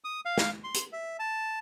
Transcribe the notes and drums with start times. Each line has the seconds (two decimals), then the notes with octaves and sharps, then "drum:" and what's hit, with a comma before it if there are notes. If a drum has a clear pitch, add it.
0.04 D#6
0.25 F5
0.38 drum: snare
0.64 C6
0.74 drum: hi-hat
0.93 E5
1.19 A5